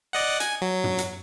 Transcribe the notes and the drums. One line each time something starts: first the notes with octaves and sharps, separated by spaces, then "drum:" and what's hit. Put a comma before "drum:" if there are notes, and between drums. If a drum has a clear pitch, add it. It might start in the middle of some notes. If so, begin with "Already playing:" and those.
D5 D#5 F#5
G#5, drum: hi-hat
F#3
drum: tom
drum: hi-hat